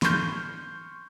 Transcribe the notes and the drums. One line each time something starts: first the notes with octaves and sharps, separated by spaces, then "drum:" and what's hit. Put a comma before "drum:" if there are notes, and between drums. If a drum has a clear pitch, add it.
C6 C#6 F6 G6, drum: snare